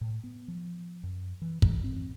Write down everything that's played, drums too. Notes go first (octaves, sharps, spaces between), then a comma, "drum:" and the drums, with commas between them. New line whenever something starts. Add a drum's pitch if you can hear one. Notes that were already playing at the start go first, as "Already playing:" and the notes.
A2
B3
F3
F#2
E3
E3, drum: kick
C4